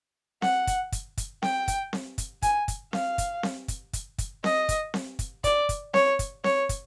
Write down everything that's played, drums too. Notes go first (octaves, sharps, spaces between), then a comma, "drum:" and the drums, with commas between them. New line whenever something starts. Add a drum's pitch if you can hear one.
F#5, drum: snare C4
drum: kick, hi-hat
drum: kick, hi-hat
drum: kick, hi-hat
G5, drum: snare C4
drum: kick, hi-hat
drum: snare C4
drum: kick, hi-hat
G#5, drum: kick, hi-hat
drum: kick, hi-hat
F5, drum: snare C4
drum: kick, hi-hat
drum: snare C4
drum: kick, hi-hat
drum: kick, hi-hat
drum: kick, hi-hat
D#5, drum: snare C4
drum: kick, hi-hat
drum: snare C4
drum: kick, hi-hat
D5, drum: kick, hi-hat
drum: kick, hi-hat
C#5, drum: snare C4
drum: kick, hi-hat
C#5, drum: snare C4
drum: kick, hi-hat